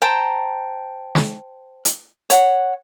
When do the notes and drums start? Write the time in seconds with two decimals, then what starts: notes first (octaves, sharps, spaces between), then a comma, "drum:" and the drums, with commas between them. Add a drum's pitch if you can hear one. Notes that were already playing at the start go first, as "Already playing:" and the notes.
0.02 C5 G5 A5 A#5
1.15 drum: snare
1.85 drum: hi-hat
2.30 C#5 F#5, drum: hi-hat